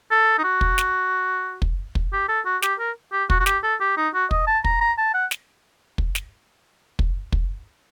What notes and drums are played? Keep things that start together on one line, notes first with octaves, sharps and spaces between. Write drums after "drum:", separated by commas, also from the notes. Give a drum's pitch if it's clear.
A4
D#4
F#4
drum: kick
drum: snare
drum: kick
drum: kick
G4
A4
F#4
G4, drum: snare
A#4
G4
F#4, drum: kick
F#4
G4, drum: snare
A4
G4
D#4
F#4
D#5, drum: kick
A5
A#5, drum: kick
A#5
A5
F#5
drum: snare
drum: kick
drum: snare
drum: kick
drum: kick